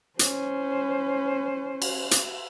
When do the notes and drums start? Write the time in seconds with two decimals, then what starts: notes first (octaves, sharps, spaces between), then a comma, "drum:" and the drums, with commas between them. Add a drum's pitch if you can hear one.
0.19 C#4 C5, drum: hi-hat
1.82 drum: cymbal
2.11 drum: hi-hat